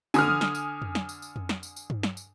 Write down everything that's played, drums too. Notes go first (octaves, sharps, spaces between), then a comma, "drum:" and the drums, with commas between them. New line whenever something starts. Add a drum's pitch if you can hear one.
D3 G#5 D#6 F6, drum: tambourine
drum: tom E3
drum: snare
drum: tambourine
drum: tom F2
drum: snare
drum: tambourine
drum: tambourine
drum: tom F2
drum: snare
drum: tambourine
drum: tambourine
drum: tom G2
drum: snare
drum: tambourine